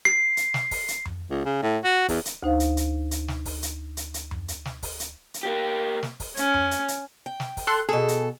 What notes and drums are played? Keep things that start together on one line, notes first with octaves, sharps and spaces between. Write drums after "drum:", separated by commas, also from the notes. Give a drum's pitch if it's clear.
C7
drum: hi-hat
drum: snare
drum: kick, open hi-hat
drum: hi-hat
drum: tom F2
C#2
C#3
A2
F#4
E2, drum: kick, open hi-hat
drum: hi-hat
D2 D#4 C5 F5
drum: hi-hat
drum: hi-hat
drum: hi-hat
drum: snare
drum: kick, open hi-hat
drum: hi-hat
drum: hi-hat
drum: hi-hat
drum: tom F2
drum: hi-hat
drum: snare
drum: kick, open hi-hat
drum: hi-hat
drum: hi-hat
A#3 G4
drum: snare
drum: kick, open hi-hat
C#4, drum: hi-hat
drum: tom F2
drum: hi-hat
drum: hi-hat
G5
drum: snare
drum: kick, open hi-hat
A4 C6 F#6
B2 G#4 A4
drum: hi-hat